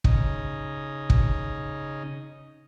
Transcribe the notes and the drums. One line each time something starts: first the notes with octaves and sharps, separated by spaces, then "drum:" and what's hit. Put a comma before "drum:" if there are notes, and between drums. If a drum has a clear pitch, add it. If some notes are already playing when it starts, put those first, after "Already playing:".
C#3 D#4, drum: kick
drum: kick